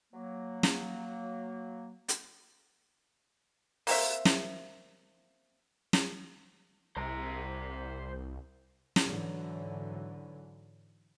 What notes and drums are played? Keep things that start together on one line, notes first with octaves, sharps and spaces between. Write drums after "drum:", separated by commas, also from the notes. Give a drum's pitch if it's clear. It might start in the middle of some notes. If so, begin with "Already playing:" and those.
F#3 A#3
drum: snare
drum: hi-hat
A#3 C4 E5, drum: open hi-hat
drum: snare
drum: snare
C2 C5 A#5
drum: snare
G#2 D3 E3 F#3